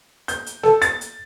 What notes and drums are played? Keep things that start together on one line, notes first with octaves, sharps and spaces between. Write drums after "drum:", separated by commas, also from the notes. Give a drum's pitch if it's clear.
G6, drum: hi-hat
drum: hi-hat
A4, drum: snare
A6, drum: hi-hat
drum: hi-hat